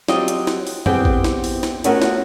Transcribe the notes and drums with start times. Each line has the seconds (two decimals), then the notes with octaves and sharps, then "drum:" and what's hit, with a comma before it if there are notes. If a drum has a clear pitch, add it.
0.08 F#3 C4 F4 G4 D#5, drum: snare
0.28 drum: hi-hat
0.47 drum: snare
0.67 drum: open hi-hat
0.86 B3 C4 E4 G4 G#4 C5, drum: tom F2
1.05 drum: kick A1
1.24 drum: snare
1.44 drum: open hi-hat
1.63 drum: snare
1.84 A3 B3 C#4 F4 F#4 A#4, drum: hi-hat
2.02 drum: snare